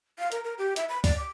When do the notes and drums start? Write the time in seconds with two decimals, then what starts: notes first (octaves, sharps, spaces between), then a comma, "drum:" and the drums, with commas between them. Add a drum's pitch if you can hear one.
0.19 F5
0.32 A#4, drum: hi-hat
0.44 A#4
0.58 G4
0.76 E5, drum: hi-hat
0.89 B5
1.04 D5, drum: kick C#2, open hi-hat
1.17 D6